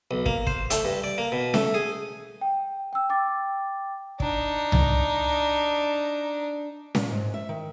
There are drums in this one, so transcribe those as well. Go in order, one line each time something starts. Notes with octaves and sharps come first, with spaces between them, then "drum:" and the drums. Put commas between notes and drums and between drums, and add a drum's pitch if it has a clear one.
B1
A#3, drum: kick
C5, drum: kick
A3, drum: hi-hat
G2
D5
A#3
B2
A3, drum: snare C#4
G#4
G5
G5 E6
G5 D6 A6
D4 D#4, drum: kick
drum: tom C2
A#2, drum: snare C#4
G#2
E5
D#3